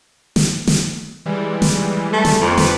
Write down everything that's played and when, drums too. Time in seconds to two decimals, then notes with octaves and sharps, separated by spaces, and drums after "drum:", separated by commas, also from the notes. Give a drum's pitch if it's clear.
0.36 drum: snare
0.67 drum: snare
1.26 E3 G3 G#3
1.62 drum: snare
2.13 A3
2.25 drum: snare
2.40 F2 A3 A#3
2.58 B4 D6, drum: snare